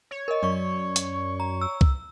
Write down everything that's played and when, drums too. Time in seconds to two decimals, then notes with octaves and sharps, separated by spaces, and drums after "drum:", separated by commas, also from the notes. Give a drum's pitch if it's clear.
0.11 C#5
0.28 A#4 D#5
0.43 F#2 D5 C#6
0.96 drum: hi-hat
1.40 A#5
1.61 E6
1.81 drum: kick C2